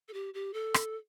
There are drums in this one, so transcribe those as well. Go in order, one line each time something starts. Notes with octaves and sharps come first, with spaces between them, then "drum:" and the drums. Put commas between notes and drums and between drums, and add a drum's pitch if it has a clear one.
A4
G4
G4
A4
drum: rim click